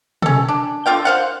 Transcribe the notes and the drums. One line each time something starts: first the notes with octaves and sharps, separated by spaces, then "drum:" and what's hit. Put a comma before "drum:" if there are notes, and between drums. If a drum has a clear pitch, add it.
C#4 A4, drum: tom
D4
D3 F4 F5 G5
C5 F5 F#5